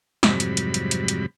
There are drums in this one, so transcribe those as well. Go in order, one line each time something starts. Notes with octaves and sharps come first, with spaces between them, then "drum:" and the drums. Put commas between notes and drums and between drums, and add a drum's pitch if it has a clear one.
F2 G#2 C3 F#3 G3 B5, drum: snare
drum: hi-hat
drum: hi-hat
drum: hi-hat
drum: hi-hat
drum: hi-hat